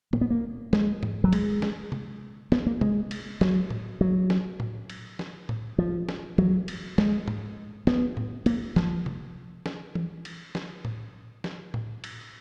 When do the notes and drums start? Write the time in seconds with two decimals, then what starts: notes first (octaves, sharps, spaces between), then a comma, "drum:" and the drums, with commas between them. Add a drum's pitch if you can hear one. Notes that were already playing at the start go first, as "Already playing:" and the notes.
0.13 A#3, drum: tom A2
0.21 B3
0.30 A#3
0.73 G#3, drum: snare
1.03 drum: tom G#2
1.24 F#3
1.33 G#3, drum: cymbal
1.62 drum: snare
1.92 drum: tom C3
2.52 B3, drum: snare
2.67 A#3
2.81 G#3, drum: tom C3
3.11 drum: cymbal
3.41 F#3, drum: snare
3.70 drum: tom A2
4.01 F#3
4.30 drum: snare
4.60 drum: tom A2
4.90 drum: cymbal
5.19 drum: snare
5.49 drum: tom A2
5.78 F3
6.09 drum: snare
6.38 F#3, drum: tom E3
6.68 drum: cymbal
6.98 G#3, drum: snare
7.28 drum: tom G#2
7.87 B3, drum: snare
8.17 drum: tom A2
8.46 A#3, drum: cymbal
8.76 F3, drum: snare
9.06 drum: tom C3
9.66 drum: snare
9.95 drum: tom E3
10.25 drum: cymbal
10.55 drum: snare
10.85 drum: tom A2
11.44 drum: snare
11.74 drum: tom A2
12.04 drum: cymbal